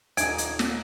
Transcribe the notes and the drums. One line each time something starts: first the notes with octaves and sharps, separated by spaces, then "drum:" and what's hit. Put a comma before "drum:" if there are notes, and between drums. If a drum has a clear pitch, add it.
D#1 D#4 G#5 D7, drum: hi-hat
drum: hi-hat
drum: snare